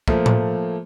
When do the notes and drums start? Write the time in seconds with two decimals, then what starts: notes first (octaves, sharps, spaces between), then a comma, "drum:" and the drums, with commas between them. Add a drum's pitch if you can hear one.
0.08 F3 A3 A#3, drum: kick
0.26 drum: tom A2